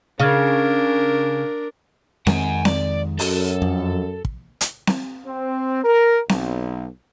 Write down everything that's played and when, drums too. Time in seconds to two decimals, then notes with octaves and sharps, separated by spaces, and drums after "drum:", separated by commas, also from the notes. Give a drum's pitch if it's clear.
0.20 C#3 D4 A#4 F5 F6 G#6
2.27 F2 D#3 G#3 F#5 G#5, drum: snare C4
2.65 D5, drum: snare C4
3.19 F#2 A4, drum: open hi-hat
3.62 F2
4.25 drum: kick
4.61 drum: hi-hat
4.87 drum: snare C4
5.25 C4
5.84 A#4
6.29 B1, drum: snare C4